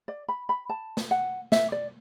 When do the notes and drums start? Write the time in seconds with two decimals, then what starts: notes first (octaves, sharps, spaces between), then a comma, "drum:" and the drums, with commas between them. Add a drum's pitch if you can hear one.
0.08 D5
0.28 B5
0.49 B5
0.69 A5
0.97 drum: snare
1.11 F#5
1.52 E5, drum: snare
1.72 D5